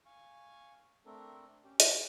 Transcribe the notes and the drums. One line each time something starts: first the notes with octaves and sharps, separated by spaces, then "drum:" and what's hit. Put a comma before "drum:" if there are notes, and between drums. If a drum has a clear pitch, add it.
F5 G#5 C#6
A3 C4 D4 A4 A#4
C#4 G4
F5 G#5 A#5 C#6 D6, drum: hi-hat